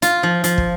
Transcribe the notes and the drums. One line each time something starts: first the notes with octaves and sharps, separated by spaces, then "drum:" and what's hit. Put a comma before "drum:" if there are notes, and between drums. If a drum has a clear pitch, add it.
F4, drum: hi-hat
F3
F3, drum: hi-hat
drum: kick